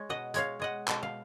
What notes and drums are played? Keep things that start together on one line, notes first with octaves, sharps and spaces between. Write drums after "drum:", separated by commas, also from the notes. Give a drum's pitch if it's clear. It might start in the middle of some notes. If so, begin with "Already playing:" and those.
Already playing: G#3 C#5
B2 D#5 F#5
G#3 C#5 F5, drum: hi-hat
G#3 D#5 F#5
B2, drum: clap
F5